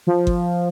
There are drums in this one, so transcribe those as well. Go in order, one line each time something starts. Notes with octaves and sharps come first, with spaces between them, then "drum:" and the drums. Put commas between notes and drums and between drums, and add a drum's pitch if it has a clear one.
F3
drum: kick G1